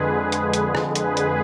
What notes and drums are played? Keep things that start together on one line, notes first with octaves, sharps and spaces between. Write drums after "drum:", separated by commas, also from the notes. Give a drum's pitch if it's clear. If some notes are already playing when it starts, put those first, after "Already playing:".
Already playing: F2 D3 G#3 G#4 B4
drum: hi-hat
drum: hi-hat
drum: rim click
G#4 B4, drum: hi-hat
drum: hi-hat